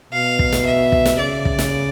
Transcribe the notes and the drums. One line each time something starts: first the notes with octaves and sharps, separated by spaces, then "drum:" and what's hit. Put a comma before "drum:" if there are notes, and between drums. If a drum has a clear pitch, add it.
B2 F5
drum: kick
drum: snare
E5
drum: kick
drum: snare
C#3 D5
drum: kick
drum: snare